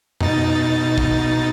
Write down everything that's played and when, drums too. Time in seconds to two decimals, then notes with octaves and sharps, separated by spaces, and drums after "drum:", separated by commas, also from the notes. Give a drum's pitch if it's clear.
0.20 B2 D#4 A6, drum: tom F2
0.98 drum: kick